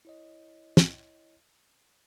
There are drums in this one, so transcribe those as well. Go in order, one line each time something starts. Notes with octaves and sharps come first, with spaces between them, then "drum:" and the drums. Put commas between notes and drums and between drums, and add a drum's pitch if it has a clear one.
E4 C#5 D#5
drum: snare